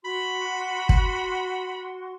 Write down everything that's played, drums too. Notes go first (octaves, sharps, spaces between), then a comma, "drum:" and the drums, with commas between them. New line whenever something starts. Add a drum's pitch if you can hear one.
F#4 B5 C6
drum: kick